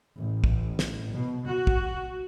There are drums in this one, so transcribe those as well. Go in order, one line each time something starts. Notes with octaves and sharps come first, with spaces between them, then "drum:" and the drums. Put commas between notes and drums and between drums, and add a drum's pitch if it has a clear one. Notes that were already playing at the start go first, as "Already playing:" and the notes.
A1
drum: kick
drum: snare
B2
F#4
drum: kick